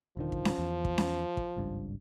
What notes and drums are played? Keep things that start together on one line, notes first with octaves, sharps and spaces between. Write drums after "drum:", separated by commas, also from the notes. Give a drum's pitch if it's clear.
D#1 D3 D#3 F3
drum: kick
drum: snare C#4
E2
drum: kick
drum: snare C#4
drum: kick
G#1 C#2 G2